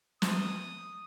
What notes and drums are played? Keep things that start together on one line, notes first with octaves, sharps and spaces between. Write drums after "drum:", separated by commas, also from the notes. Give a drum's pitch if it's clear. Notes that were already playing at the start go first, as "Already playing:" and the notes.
D#6, drum: snare